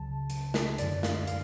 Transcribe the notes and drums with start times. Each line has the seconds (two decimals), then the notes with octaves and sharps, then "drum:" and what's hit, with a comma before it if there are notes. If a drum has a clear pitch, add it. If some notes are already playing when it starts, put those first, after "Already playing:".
Already playing: C#2 C#3 F#3 A5
0.30 drum: hi-hat
0.54 drum: snare
0.78 F#2 D3 F#3 D5, drum: hi-hat
1.03 F5, drum: snare
1.27 F5, drum: hi-hat